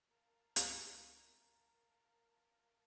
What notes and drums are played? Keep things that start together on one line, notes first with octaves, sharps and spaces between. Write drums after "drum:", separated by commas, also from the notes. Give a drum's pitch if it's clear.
A#4 F5 A5 A#5
drum: hi-hat